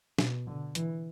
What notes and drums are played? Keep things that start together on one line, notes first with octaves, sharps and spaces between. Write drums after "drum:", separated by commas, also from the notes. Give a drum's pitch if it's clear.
B2, drum: snare
D3
E3, drum: hi-hat